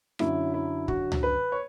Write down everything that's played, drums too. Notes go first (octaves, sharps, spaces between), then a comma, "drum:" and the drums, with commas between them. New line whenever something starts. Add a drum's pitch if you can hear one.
F#2 D3 F#3 E4, drum: rim click
E4
F#4, drum: kick
drum: tom C#2
B4
C#5